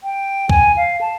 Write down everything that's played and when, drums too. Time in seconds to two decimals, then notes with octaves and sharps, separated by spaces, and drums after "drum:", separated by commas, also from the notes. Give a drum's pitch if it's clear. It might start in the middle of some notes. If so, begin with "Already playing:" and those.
0.04 G5
0.49 G#5, drum: kick D2
0.77 F5
1.01 A5